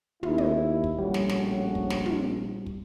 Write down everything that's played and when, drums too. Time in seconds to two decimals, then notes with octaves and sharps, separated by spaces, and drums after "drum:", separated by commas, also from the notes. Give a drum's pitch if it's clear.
0.23 D#2 E4, drum: tom
0.38 drum: tom
0.84 drum: kick
0.99 A#1 A2 G3 C#4 F#4
1.14 drum: snare
1.29 drum: snare
1.75 drum: kick
1.90 drum: snare
2.06 drum: tom
2.66 drum: kick